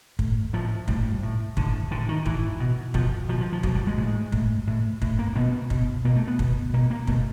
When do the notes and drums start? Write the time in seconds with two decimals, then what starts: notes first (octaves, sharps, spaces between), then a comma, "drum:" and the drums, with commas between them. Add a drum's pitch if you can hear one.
0.19 A2, drum: kick
0.53 A2 F3
0.88 A2 G3, drum: kick
1.23 A2
1.57 A2 D3, drum: kick
1.91 A2 D3
2.09 D#3
2.26 A2 E3, drum: kick
2.60 B2
2.94 B2 F3, drum: kick
3.29 B2 F3
3.41 F3
3.53 F3
3.63 B2 F#3, drum: kick
3.75 G3
3.87 G#3
3.98 A2 G#3
4.32 A2, drum: kick
4.67 A2
5.02 A2, drum: kick
5.19 A#3
5.36 B2 B3
5.70 B2, drum: kick
6.05 B2 A#3
6.16 A3
6.28 B3
6.39 B2, drum: kick
6.74 B2 A#3
6.90 A#3
7.07 B2 A3, drum: kick